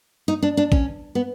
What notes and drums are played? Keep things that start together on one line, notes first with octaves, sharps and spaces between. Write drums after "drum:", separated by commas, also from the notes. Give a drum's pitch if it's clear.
D#4
D4
D4
C#4, drum: kick A1
B3